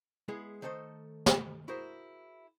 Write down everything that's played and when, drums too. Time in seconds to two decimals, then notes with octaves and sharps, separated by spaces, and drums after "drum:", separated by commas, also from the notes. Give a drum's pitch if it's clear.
0.28 G#3 B3 E4 G#4
0.62 D#3 A3 A4 C5 D#5
1.26 drum: snare
1.68 E4 F#4 G#4 A#4 C5 E5